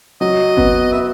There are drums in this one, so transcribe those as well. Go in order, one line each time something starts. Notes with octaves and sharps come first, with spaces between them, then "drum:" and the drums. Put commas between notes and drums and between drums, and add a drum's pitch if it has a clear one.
F#3 D#5
B3, drum: kick G1
B4 E5